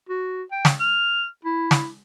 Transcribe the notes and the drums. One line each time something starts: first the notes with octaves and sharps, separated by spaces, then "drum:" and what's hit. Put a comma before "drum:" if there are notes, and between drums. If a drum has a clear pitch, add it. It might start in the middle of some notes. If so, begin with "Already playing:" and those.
F#4
G5
drum: snare
F6
E4
drum: snare